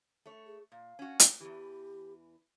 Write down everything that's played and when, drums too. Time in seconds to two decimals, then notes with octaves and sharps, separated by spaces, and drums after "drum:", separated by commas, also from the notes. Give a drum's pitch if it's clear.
0.26 A3 C#5
0.46 G#4
0.72 A#2 F5
0.99 C#4 F#4
1.20 drum: hi-hat
1.41 E2 E3 G4